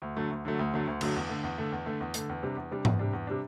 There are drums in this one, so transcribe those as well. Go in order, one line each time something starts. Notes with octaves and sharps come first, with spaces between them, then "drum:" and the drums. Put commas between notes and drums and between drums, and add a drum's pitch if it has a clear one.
D2
D3 F#3 A3
D2
D3 F#3 A3
D2
D3 F#3 A3
D2
D3 F#3 A3, drum: cymbal
E2
D3 A3
E2
D3 A3
E2
D3 A3
E2
D3 A3, drum: hi-hat
E2
C3 G3 D4
E2
C3 G3 D4
E2, drum: tom G#2
C3 G3 D4
E2
C3 G3 D4